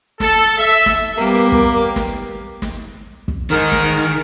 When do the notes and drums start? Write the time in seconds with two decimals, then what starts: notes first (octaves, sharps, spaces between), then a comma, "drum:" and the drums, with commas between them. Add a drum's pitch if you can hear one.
0.20 A4, drum: snare
0.58 E5
0.86 drum: snare
1.18 G3 A#3 B3 G4 A#4
1.52 drum: kick
1.96 drum: snare
2.62 drum: snare
3.28 drum: kick
3.50 G#2 D#3 A#4
3.72 drum: snare